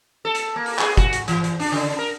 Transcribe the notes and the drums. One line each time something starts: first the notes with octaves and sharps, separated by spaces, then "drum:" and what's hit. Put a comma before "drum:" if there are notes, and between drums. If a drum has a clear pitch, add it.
A4
drum: hi-hat
A#3
drum: open hi-hat
G#4, drum: clap
F#4, drum: kick F#1, hi-hat
drum: hi-hat
E3, drum: hi-hat
drum: hi-hat
D4, drum: open hi-hat
C#3
A#4